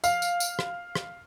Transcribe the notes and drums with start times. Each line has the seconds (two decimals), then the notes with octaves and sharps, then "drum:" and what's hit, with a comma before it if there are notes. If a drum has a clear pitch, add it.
0.04 F5, drum: tambourine
0.22 drum: tambourine
0.40 drum: tambourine
0.59 drum: rim click
0.95 drum: rim click